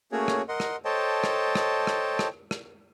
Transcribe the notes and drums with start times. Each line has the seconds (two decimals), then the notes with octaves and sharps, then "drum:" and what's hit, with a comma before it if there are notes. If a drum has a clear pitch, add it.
0.12 A3 A#3 C#4 F#4 G#4 C#5
0.28 drum: rim click
0.49 A#4 D#5 F#5 C6
0.60 drum: rim click
0.85 A4 C5 C#5 D#5 G5 A5
1.24 drum: rim click
1.55 drum: rim click
1.87 drum: rim click
2.19 drum: rim click
2.51 drum: rim click